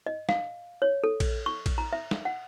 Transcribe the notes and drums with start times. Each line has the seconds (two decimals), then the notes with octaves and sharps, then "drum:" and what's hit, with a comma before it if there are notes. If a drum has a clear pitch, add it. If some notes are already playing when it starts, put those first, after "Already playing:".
0.06 D#5
0.29 F5, drum: snare
0.82 C#5
1.04 A4
1.20 drum: kick A#1, cymbal
1.46 C#6
1.66 drum: kick A#1, cymbal
1.78 A#5
1.93 E5
2.11 drum: snare
2.25 F#5